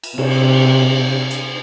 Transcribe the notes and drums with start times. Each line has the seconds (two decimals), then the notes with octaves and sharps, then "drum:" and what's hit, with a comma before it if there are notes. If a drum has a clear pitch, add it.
0.03 drum: cymbal
0.18 C3, drum: cymbal
1.31 drum: hi-hat